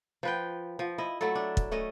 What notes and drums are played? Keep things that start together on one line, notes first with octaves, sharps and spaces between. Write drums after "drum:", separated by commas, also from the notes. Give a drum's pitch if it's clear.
F3 B4 G5
F3
E4 D#5
F#3 A3 E4 A4
D4
drum: kick
A3 C#4 D#5